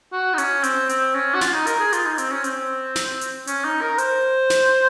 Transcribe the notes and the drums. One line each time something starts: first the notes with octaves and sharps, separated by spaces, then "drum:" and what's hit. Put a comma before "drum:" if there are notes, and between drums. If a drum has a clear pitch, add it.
F#4
D#4
C#4, drum: hi-hat
C4, drum: hi-hat
C4, drum: hi-hat
C#4
F#4
F4, drum: snare
D#4
A#4, drum: hi-hat
G#4
F4, drum: hi-hat
D#4
C4, drum: hi-hat
C#4
C4, drum: hi-hat
drum: snare
drum: hi-hat
C#4, drum: hi-hat
D#4
A#4
C5, drum: hi-hat
drum: snare